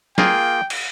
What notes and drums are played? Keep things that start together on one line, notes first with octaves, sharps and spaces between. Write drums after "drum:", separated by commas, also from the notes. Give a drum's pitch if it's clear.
A#3 F4 G#4 G5, drum: snare
drum: cymbal